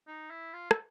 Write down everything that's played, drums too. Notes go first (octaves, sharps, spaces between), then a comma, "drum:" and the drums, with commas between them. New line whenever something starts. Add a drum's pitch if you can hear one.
D#4
E4
F4
A4, drum: rim click